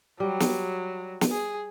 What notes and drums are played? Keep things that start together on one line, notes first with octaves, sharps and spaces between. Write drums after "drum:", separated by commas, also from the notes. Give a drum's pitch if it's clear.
F#3 G3
drum: snare
drum: snare
G#4